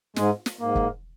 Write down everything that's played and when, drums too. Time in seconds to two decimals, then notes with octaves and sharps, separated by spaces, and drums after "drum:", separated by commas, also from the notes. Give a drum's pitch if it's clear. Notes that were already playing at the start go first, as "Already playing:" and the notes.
0.16 G#2 G#3, drum: snare
0.46 drum: snare
0.60 G#2 A#3
0.75 drum: kick